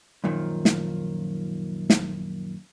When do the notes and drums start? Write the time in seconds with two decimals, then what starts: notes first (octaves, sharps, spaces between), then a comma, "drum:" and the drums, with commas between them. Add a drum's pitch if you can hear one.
0.24 F#2 A#2 D#3 F3
0.65 drum: snare
1.90 drum: snare